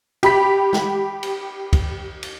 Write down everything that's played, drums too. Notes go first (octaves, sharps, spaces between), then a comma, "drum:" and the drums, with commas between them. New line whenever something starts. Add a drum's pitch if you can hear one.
G4 B5 B6, drum: cymbal
drum: snare
drum: cymbal
drum: kick, cymbal
drum: cymbal